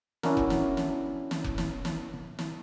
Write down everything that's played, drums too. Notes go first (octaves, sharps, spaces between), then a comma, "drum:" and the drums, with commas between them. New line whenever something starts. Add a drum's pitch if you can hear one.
C#4 D4 E4 F#4 A#4, drum: snare
drum: kick F1
drum: snare
drum: snare
drum: snare
drum: kick F1
drum: snare
drum: snare
drum: snare